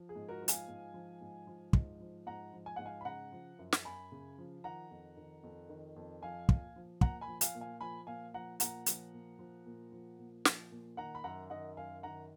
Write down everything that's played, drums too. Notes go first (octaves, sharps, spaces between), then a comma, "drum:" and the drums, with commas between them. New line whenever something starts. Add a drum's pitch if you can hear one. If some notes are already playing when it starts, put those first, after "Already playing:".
Already playing: F3
G#4
G#2
F#4 A#4
F3
F5 G#5, drum: hi-hat
G#2
F3
G#2
F3
G#2, drum: kick
F3
G#2 F#5 A#5
F3
G#5
G#2 F#5
F5 G#5
B5
C#3 F#5 A#5
F3
F#2
drum: snare
F#2 G#5 B5
C#3
F3
D#3 F#5 A#5
F2
D#3
F2
D#3
F2
F3 F5 G#5
A#2, drum: kick
F3
A#2 F#5 A#5, drum: kick
G#5 B5
F3
F5 G#5, drum: hi-hat
A#2
F5 G#5
F3 G#5 B5
A#2 F5 G#5
F3 F#5 A#5
A#2 F#5 A#5, drum: hi-hat
F3, drum: hi-hat
A#2
F3
A#2
F3
A#2
F3, drum: snare
A#2
D#3 F#5 A#5
B5
F#2 F#5 A#5
D#3 D#5 F#5
F#2 F5 G#5
D#3 F#5 A#5